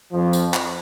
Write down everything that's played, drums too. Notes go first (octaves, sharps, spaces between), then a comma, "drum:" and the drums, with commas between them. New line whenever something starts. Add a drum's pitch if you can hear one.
F2 F3
drum: tambourine
drum: clap